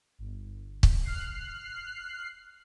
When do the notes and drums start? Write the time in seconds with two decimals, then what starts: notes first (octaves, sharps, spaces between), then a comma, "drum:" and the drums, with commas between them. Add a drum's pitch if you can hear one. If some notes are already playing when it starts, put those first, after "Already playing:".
0.19 G1
0.83 drum: kick
1.03 F6 F#6 C7